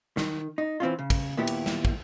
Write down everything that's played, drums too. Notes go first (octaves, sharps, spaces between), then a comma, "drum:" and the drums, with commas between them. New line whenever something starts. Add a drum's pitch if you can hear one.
D#3, drum: snare
D#4
E3 C4 C#4 F4
C#3
drum: kick, cymbal
D#2 A#2 B3 E4 G4
drum: cymbal
drum: snare
drum: kick